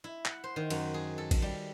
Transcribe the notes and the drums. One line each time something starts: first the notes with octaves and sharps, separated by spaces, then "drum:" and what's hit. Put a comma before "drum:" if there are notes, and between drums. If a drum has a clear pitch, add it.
E4
F#5, drum: clap
C5
D#3
F#2, drum: cymbal
G#4
A4
drum: kick, cymbal
G3